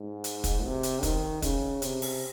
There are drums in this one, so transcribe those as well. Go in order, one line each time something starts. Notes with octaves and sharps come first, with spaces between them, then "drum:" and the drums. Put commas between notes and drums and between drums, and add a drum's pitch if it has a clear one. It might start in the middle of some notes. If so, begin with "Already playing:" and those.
Already playing: G#2
drum: hi-hat
drum: kick, hi-hat
C3
drum: hi-hat
D#3, drum: kick, hi-hat
C#3, drum: kick, hi-hat
C3, drum: hi-hat
drum: open hi-hat